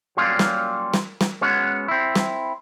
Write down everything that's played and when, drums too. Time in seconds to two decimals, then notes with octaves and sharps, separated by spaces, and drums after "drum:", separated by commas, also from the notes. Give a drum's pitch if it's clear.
0.17 F#3 G3 A#3 C#4 F4
0.39 drum: snare
0.94 drum: snare
1.21 drum: snare
1.41 G#3 B3 C#4 F#4
1.88 C4 E4
2.16 drum: snare